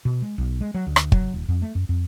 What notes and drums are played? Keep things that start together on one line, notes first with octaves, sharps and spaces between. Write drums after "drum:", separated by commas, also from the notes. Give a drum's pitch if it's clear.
B2
G#3
B1
G#3
F#3
D2
drum: rim click
F#3, drum: kick
D#1
F2
A3
F#2
F2